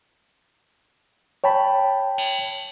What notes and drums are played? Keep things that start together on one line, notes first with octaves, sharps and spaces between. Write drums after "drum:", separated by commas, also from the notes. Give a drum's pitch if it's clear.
C#5 G5 A5 B5
drum: cymbal